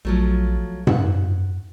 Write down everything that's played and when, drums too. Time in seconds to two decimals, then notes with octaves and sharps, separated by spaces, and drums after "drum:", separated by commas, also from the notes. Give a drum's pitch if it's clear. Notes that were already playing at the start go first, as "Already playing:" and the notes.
0.05 A#1 F3 F#3 A3
0.87 F#2 F#5, drum: tom G#2